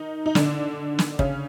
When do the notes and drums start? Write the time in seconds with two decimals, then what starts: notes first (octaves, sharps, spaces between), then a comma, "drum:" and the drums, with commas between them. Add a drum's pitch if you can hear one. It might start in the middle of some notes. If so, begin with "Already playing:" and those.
Already playing: D#3 D#4
0.26 D#4
0.35 D3 D4, drum: snare
0.99 drum: snare
1.19 C#3 C#4, drum: kick